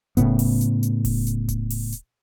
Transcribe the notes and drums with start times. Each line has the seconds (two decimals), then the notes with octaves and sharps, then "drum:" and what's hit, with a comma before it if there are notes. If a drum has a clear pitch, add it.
0.17 A2 C#3 B3, drum: kick D#1, hi-hat
0.39 drum: open hi-hat
0.61 drum: hi-hat
0.83 drum: hi-hat
1.05 drum: kick D#1, open hi-hat
1.27 drum: hi-hat
1.48 drum: kick D#1, hi-hat
1.70 drum: open hi-hat
1.92 drum: hi-hat